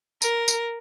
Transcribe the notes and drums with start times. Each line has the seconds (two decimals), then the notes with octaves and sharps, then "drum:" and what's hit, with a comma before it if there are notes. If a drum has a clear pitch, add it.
0.22 A#4, drum: tambourine
0.48 drum: tambourine